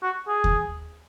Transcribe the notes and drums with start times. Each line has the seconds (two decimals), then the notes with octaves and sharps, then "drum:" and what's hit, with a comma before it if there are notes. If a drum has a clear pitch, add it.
0.03 F#4
0.28 G#4
0.44 drum: kick D#2